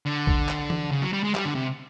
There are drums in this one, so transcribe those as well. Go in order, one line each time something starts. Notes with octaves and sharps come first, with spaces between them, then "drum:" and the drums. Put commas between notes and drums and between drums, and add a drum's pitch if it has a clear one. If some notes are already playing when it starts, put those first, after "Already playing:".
D3
drum: kick A#1
drum: clap
drum: tom E3
C#3
F#3
G3
G#3
G3, drum: clap
D3
C3